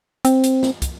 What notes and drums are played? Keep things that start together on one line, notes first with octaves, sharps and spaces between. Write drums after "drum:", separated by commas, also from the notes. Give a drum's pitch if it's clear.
C4, drum: hi-hat
drum: hi-hat
drum: snare
drum: kick, hi-hat